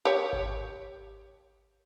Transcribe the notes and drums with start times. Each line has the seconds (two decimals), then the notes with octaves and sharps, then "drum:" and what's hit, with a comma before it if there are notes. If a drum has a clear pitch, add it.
0.05 G4 C#5
0.33 drum: kick G#1